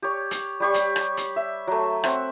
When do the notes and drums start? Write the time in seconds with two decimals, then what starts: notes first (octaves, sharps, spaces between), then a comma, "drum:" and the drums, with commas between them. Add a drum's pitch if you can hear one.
0.02 G4 C#5
0.31 drum: hi-hat
0.60 G3 G4 C#6
0.74 drum: hi-hat
0.96 drum: rim click
1.17 drum: hi-hat
1.36 E5
1.67 F#3 A3
2.04 C4 E5 F#5, drum: rim click